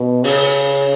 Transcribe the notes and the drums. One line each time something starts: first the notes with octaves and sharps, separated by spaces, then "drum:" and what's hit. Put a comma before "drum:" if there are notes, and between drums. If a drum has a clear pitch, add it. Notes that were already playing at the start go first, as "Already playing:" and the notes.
Already playing: B2
C#3, drum: open hi-hat